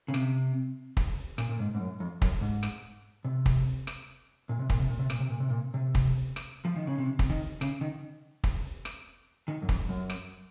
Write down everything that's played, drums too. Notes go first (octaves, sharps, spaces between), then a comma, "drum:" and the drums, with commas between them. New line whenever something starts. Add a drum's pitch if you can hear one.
C#3
C3, drum: rim click
drum: kick
A#2, drum: rim click
A#2
G#2
G#2
F#2
F2
F#2, drum: kick
G#2
drum: rim click
C3
drum: kick
drum: rim click
A#2
C3
A#2, drum: kick
C3
A#2
C3
A#2, drum: rim click
C3
A#2
C3
A#2
C3
drum: kick
drum: rim click
F3
D#3
C#3
C3
drum: kick
D#3
C#3, drum: rim click
D#3
drum: kick
drum: rim click
D#3
F#2
F2, drum: kick
F#2
drum: rim click